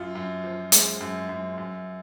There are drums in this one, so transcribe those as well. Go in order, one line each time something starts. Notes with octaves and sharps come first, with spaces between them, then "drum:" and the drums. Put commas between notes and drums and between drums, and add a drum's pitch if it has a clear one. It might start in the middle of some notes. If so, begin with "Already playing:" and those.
Already playing: F#2 F4
F#2
F3
G#3, drum: hi-hat
F#2
F#2
F#2